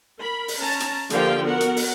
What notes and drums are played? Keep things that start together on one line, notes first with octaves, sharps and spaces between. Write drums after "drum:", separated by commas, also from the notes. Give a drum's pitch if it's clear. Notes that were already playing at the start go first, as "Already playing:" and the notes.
A#4 B5
drum: open hi-hat
C#4 A5 A#5
drum: hi-hat
D3 F3 A#3 G4 F5 G5, drum: hi-hat
B3 F#4 A#4 F#5
drum: hi-hat
drum: open hi-hat